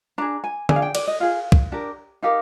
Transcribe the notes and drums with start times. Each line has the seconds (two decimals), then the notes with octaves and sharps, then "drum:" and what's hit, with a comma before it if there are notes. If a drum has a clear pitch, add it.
0.18 D4 G#4 A#5
0.44 G#5
0.69 D4 G#4 G#5, drum: tom
0.76 F5
0.82 G5
0.95 D5, drum: cymbal
1.08 D#5
1.20 F4 G#4 F5
1.52 drum: kick
1.72 D4 G4 A#4
2.22 D#4 G4 A#4 F5